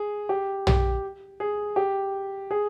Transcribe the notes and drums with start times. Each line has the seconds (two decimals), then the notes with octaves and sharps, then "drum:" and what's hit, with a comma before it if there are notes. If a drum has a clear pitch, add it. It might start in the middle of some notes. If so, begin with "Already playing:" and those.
Already playing: G#4
0.29 G4
0.67 G4, drum: tom
1.40 G#4
1.76 G4
2.51 G#4